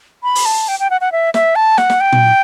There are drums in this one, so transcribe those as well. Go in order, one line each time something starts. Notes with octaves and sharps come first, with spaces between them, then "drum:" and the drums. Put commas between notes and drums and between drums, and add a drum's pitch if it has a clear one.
B5
drum: open hi-hat
A5
G5
G5
F#5
F#5
E5
E5, drum: snare
A5
F#5, drum: snare
drum: snare
G5
drum: tom A#2